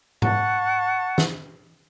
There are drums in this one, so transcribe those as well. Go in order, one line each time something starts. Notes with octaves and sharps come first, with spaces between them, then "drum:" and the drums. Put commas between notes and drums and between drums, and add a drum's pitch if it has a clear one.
F#5 A5 C#6, drum: tom G#2
drum: snare